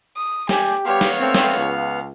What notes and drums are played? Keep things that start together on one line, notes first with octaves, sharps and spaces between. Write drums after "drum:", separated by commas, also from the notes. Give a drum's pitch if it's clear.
D#6
G4 G#5, drum: snare
G3 B3 G4 C#5 F5
drum: snare
A3 C4
drum: snare
C#2